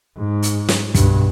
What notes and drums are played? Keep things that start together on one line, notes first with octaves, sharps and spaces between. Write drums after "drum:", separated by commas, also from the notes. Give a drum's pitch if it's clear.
G#2
drum: hi-hat
drum: snare
G2 B2, drum: kick, hi-hat